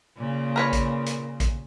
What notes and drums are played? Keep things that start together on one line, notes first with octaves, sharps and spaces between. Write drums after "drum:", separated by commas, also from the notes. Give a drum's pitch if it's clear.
A#2 C#3
A#4 B4 C#5
drum: kick, hi-hat
drum: hi-hat
drum: kick, hi-hat